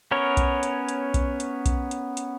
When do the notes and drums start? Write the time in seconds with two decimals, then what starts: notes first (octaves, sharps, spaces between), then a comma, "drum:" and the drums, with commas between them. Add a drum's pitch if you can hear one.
0.11 B3 C#4 A#4 C#5
0.37 drum: kick B1, hi-hat
0.63 drum: hi-hat
0.89 drum: hi-hat
1.14 drum: kick B1, hi-hat
1.40 drum: hi-hat
1.66 drum: kick B1, hi-hat
1.91 drum: hi-hat
2.17 drum: hi-hat